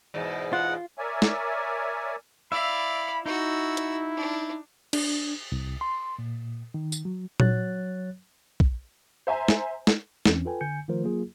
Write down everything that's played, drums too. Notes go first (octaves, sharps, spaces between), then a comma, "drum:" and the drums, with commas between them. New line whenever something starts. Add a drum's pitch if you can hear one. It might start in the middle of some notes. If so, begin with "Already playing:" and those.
E2 G#2 B2
F4 F#5
A#4 C#5 D5 E5 G#5
drum: snare
E4 D5 E5 F5 B5
D#4 E4 F#4 E6
drum: hi-hat
D4
D4, drum: cymbal
C2
C6
A#2
D#3
drum: tambourine
F#3
F#3 C#5 F#6 A6, drum: tom A#2
drum: kick
C5 E5 G#5 A#5
drum: snare
drum: snare
E2 E3 C4 C#4, drum: snare
F4 A4 B4 G5 G#5
D3 G#5 G6 C#7
D#3 F3 A3 F4 A#4 C5
F#3 A#3 F4 G#4